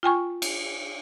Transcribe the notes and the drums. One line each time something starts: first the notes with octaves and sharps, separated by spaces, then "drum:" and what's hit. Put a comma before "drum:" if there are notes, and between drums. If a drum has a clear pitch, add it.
F4 G5 G#5 C#6
drum: cymbal